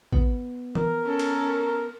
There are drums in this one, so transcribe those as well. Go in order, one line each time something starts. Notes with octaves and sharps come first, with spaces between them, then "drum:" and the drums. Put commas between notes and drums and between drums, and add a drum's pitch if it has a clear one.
B3, drum: kick
A#4, drum: tom E3
C#4 A4
drum: cymbal